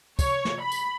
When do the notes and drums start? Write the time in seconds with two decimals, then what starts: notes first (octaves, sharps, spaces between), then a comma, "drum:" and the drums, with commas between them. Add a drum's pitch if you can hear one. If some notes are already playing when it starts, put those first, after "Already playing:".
0.19 C#5, drum: kick, tambourine
0.45 drum: snare
0.61 B5
0.72 drum: tambourine